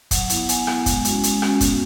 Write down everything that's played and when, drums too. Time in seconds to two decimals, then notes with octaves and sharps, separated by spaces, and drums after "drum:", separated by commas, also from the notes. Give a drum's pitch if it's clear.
0.11 F#3 F#5, drum: kick, hi-hat
0.30 B3 E4, drum: hi-hat
0.49 F#3 G#5, drum: hi-hat
0.67 B3 E4, drum: rim click
0.86 G#3, drum: kick, hi-hat
1.05 C#4 F#4, drum: hi-hat
1.23 G#3, drum: hi-hat
1.42 C#4 F#4, drum: rim click
1.61 B3, drum: kick, hi-hat